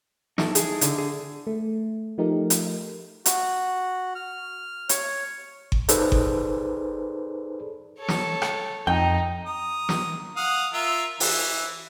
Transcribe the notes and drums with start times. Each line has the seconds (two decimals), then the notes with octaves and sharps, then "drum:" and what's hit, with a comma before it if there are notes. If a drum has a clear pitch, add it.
0.38 D#4 E4 A4, drum: snare
0.55 G#4, drum: hi-hat
0.81 D3, drum: hi-hat
0.98 G#4
1.47 A3
2.18 F3 A3 D#4 G4 A#4
2.50 drum: hi-hat
3.26 F#4, drum: hi-hat
4.15 F6
4.89 C#5, drum: hi-hat
5.72 drum: kick G1
5.89 D#4 G#4 A4 B4 C5 D5, drum: hi-hat
6.12 drum: kick G1
7.99 A4 C#5
8.08 drum: snare
8.42 drum: rim click
8.87 F2 D#4 G5
9.46 A#5 D#6
9.89 drum: snare
10.37 F5 F#5 D#6
10.73 F4 A#4 E5
11.20 E3, drum: open hi-hat